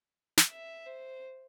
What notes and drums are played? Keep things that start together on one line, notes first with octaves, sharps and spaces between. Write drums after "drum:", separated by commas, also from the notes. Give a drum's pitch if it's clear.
drum: snare
E5
C5